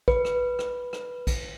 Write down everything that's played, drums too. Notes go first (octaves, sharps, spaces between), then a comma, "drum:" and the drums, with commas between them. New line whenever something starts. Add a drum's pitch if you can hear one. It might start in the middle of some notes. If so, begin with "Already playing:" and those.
B4, drum: kick A#1
drum: rim click
drum: rim click
drum: rim click
drum: kick A#1, cymbal